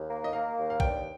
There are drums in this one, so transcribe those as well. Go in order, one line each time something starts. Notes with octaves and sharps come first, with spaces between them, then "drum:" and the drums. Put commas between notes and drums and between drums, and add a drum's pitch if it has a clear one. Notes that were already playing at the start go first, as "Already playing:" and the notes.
Already playing: D#2
A#3
D#5
A#3 F5
D#2
F5
G2 G5, drum: kick A#1